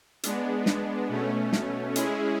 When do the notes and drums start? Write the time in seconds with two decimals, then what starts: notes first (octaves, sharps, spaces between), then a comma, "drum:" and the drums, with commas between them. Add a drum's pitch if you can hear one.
0.23 G#3 B3 D4, drum: hi-hat
0.66 drum: snare
1.09 B2 A3 C#4
1.53 drum: snare
1.96 G#3 C#4 E4 G#4, drum: hi-hat